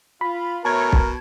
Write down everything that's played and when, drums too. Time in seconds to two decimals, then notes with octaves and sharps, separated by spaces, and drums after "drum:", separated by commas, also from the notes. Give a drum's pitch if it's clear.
0.21 F4 B5
0.65 B2 A3 A#4 C#5 A5 G#6
0.92 drum: kick